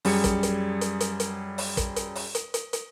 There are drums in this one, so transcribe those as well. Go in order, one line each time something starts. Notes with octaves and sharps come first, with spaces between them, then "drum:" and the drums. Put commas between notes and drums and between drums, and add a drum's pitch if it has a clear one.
F#2 G3 G#4 C#7, drum: open hi-hat
drum: kick, hi-hat
drum: hi-hat
drum: hi-hat
drum: hi-hat
drum: hi-hat
drum: open hi-hat
drum: kick, hi-hat
drum: hi-hat
drum: open hi-hat
drum: hi-hat
drum: hi-hat
drum: hi-hat